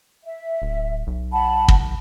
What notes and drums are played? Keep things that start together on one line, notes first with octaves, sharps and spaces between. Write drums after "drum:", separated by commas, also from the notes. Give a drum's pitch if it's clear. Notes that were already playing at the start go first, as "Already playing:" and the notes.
E5
D1
B1
F#5 A5 B5
drum: kick